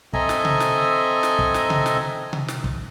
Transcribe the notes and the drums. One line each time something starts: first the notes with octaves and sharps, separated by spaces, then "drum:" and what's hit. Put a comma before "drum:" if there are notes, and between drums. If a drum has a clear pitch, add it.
C4 A4 D#5 E5 G#5 A#5, drum: kick
drum: snare
drum: tom C3
drum: snare
drum: snare
drum: kick
drum: snare
drum: tom C3
drum: snare
drum: tom C3
drum: snare
drum: kick